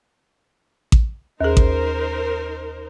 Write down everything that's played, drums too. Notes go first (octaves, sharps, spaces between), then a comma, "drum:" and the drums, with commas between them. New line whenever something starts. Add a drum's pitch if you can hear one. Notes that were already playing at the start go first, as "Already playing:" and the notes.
drum: kick A1
D#2 D#4 G#4 A#4 C5
drum: kick A1